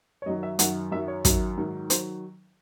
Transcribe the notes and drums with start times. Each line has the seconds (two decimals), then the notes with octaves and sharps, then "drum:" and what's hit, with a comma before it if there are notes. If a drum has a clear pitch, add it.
0.22 C#5
0.26 F#2 D#3 F#3 D#5
0.43 E5
0.59 F#2 D#3 F#3 F#5, drum: hi-hat
0.92 F#2 D#3 F#3 E5
1.08 C#5
1.25 F#2 D#3 F#3, drum: kick, hi-hat
1.57 G#2 D#3 F#3
1.90 D#3 F#3 C5, drum: hi-hat